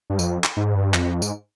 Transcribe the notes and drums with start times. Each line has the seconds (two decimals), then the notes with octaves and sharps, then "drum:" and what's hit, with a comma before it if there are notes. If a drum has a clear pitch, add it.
0.10 G2
0.19 F2, drum: tambourine
0.44 drum: clap
0.57 G#2
0.75 G2
0.94 F2, drum: clap
1.22 G#2, drum: tambourine